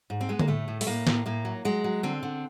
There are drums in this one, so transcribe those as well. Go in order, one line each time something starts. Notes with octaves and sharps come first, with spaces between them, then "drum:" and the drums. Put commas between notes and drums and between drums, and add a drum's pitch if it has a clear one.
G#2
C4
G#3 B3
A#3, drum: tom D3
A2 A3
A2
A3, drum: open hi-hat
A2 A#3
A2, drum: snare
A2 A#3
F#3
F#3 G#3
F#3
D3 C4
D3